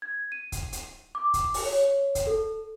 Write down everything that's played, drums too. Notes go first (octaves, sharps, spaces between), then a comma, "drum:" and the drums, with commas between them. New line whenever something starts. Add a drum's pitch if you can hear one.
G#6
D#7
drum: kick, hi-hat
drum: hi-hat
D6
drum: kick, hi-hat
drum: open hi-hat
C#5
drum: kick, hi-hat
A4